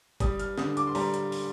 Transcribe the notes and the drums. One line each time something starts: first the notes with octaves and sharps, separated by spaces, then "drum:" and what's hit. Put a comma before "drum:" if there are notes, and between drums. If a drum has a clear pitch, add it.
G3 D#6, drum: kick G1, hi-hat
F6, drum: hi-hat
D3 D#6, drum: snare
D6, drum: hi-hat
C6
G3 A#5, drum: open hi-hat
drum: hi-hat
drum: open hi-hat